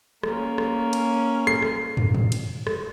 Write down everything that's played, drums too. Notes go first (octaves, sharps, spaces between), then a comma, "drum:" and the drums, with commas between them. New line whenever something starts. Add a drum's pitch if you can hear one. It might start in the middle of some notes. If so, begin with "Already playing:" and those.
A#3 C#4, drum: rim click
drum: rim click
drum: cymbal
C7, drum: rim click
drum: rim click
drum: tom
drum: tom G#2
drum: cymbal
drum: rim click